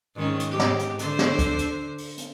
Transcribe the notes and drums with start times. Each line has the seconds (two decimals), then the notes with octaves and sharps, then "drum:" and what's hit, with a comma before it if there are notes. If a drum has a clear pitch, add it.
0.16 G#2 D#3 C#4
0.40 drum: hi-hat
0.50 G#2 G4
0.59 drum: snare
0.79 drum: hi-hat
0.99 D3 C5, drum: hi-hat
1.19 drum: snare
1.39 drum: kick, hi-hat
1.58 drum: hi-hat
1.98 drum: open hi-hat
2.18 drum: hi-hat